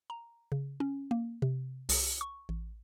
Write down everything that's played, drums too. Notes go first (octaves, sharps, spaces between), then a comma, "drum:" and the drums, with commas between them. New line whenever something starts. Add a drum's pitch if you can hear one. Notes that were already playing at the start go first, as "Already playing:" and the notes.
A#5
C#3
C#4
A#3
C3
C2, drum: open hi-hat
C#6
A1